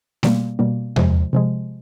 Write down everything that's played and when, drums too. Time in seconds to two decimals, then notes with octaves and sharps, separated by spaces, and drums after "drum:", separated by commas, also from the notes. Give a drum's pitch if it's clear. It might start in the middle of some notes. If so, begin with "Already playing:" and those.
0.23 B2 G3 A#3, drum: snare A3
0.59 B2 G3 A#3
0.96 C3 F3 G#3, drum: tom E2
1.33 C3 F3 G#3